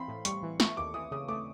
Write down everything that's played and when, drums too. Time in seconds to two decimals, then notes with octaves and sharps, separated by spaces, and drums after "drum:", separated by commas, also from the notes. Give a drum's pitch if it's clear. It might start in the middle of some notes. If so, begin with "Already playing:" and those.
Already playing: E3 C4 F5 B5 C6
0.08 A2
0.25 G3 C#6, drum: hi-hat
0.43 E3
0.60 A3 C#6, drum: snare
0.77 D#2 D6
0.94 E3 D#6
1.11 C#3 D#6
1.28 A3 D6